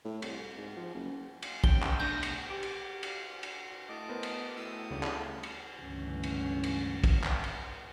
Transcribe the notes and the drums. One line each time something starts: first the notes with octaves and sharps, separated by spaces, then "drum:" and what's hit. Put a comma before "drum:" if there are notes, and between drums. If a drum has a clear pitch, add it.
A2
C2, drum: cymbal
G#2
F3
F#1
drum: cymbal
C#4 G5 G7, drum: kick
drum: clap
B2 A3 D4 G6 A#6
drum: cymbal
G4 G5 D6 D7
drum: cymbal
drum: cymbal
drum: cymbal
A2 D#5 A5 D6
B3 A#4 C5
drum: cymbal
A2 D#6 E6
D2 C#3 G3
drum: clap
drum: cymbal
C#2 G2 D3 E3 A3 C#4
drum: cymbal
drum: cymbal
drum: kick, cymbal
drum: clap
drum: cymbal